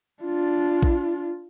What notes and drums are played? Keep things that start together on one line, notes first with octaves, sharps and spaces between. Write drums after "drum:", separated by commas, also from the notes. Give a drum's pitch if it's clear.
D4 F4
drum: kick A#1